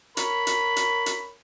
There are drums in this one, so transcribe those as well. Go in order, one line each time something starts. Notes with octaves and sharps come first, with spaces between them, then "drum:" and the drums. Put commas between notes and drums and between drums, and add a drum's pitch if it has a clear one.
A#4 C#5 B5, drum: hi-hat
drum: hi-hat
drum: hi-hat
drum: hi-hat